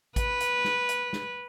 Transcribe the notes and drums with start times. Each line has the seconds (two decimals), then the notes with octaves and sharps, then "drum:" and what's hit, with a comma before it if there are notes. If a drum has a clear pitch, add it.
0.16 B4, drum: kick A1, hi-hat
0.40 drum: hi-hat
0.65 drum: snare
0.89 drum: hi-hat
1.13 drum: snare